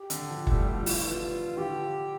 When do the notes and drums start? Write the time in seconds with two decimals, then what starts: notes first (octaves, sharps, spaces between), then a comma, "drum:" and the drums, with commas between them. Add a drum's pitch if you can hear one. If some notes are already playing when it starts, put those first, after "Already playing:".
Already playing: G4
0.10 D3, drum: hi-hat
0.30 F3
0.47 A3, drum: kick F#1
0.52 G3
0.68 G3
0.73 F3 F4
0.86 E4, drum: open hi-hat
0.99 F4
1.04 E3
1.16 F3
1.53 E3
1.57 D3 G4